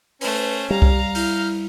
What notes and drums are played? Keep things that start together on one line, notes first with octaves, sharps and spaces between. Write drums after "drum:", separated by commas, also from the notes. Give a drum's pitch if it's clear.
A3 C#4 B4 C5, drum: open hi-hat
G3 G4 F5 A#5
drum: kick C2
E4 F6 G6, drum: open hi-hat